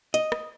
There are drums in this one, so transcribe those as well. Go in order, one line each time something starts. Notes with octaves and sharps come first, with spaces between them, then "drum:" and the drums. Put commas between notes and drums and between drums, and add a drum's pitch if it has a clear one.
D#5, drum: hi-hat
drum: rim click